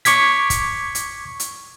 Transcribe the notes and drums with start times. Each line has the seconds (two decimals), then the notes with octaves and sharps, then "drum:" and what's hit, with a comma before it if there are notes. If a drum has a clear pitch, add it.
0.05 C#6 D6 G#6 B6, drum: hi-hat
0.50 drum: kick, hi-hat
0.95 drum: hi-hat
1.40 drum: hi-hat